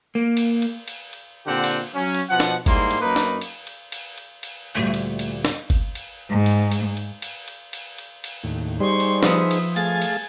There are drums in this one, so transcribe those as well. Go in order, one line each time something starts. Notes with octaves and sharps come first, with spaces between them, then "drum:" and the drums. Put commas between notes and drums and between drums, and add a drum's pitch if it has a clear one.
A#3
drum: cymbal
drum: cymbal
drum: cymbal
drum: cymbal
A#2 D3 C4 G4 F#5
drum: cymbal
F#3 C#4
drum: cymbal
B2 F3 F#5
drum: snare
G#2 G3 A#3 E4 C6, drum: kick G1, cymbal
drum: cymbal
F#2 A#3 D#4 B4
drum: snare
drum: cymbal
drum: cymbal
drum: cymbal
drum: cymbal
drum: cymbal
D2 A#2 G3 A3
drum: cymbal
drum: cymbal
drum: snare
drum: kick G1, cymbal
drum: cymbal
G#2
drum: cymbal
drum: cymbal
drum: cymbal
drum: cymbal
drum: cymbal
drum: cymbal
drum: cymbal
drum: cymbal
D#2 A2
G3 D#4 G#4 C5 C6 C#6
drum: cymbal
F3 B3 E5 D#6, drum: snare
drum: cymbal
A3 G#4 F5 G#5 A6, drum: cymbal
drum: cymbal